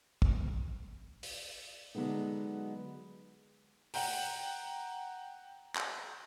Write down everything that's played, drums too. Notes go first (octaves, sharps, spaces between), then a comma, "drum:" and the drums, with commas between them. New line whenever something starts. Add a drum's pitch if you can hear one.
drum: kick
drum: open hi-hat
D3 F#3 G#3 B3 D#4
F#5 G5 A#5, drum: open hi-hat
drum: clap